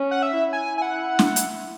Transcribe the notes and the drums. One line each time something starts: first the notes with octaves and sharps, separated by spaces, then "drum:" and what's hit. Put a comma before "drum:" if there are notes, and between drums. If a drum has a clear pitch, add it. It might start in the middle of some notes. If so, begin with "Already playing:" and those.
Already playing: C#4
F#5
E5
E4
G#5
G#5
F#5
drum: snare
drum: hi-hat